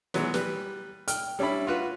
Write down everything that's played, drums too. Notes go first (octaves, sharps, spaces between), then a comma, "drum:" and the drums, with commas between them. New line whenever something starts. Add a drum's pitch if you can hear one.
E3 F#3 G#3 B3, drum: snare
G3 B4, drum: snare
G5 F6, drum: hi-hat
G3 C#4 D4 E4 B5
F4 F#4 B4